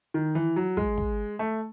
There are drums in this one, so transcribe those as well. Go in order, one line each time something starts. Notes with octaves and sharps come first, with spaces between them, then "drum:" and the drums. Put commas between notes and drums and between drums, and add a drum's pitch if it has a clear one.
D#3
E3
F#3
G#3, drum: kick
drum: kick
A3